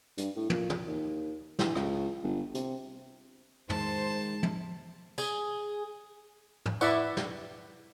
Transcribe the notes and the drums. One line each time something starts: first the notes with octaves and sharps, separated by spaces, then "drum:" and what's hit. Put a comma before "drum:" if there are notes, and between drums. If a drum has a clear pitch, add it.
G2, drum: hi-hat
A2
A#2, drum: tom
drum: tom
D#2
E3, drum: snare
C#2, drum: rim click
G1
C3, drum: hi-hat
D#3 G#3 C5 A5, drum: tom
drum: tom
G#4, drum: tambourine
drum: tom
E4 B4 D5 E5 F#5 C#6, drum: tambourine
drum: snare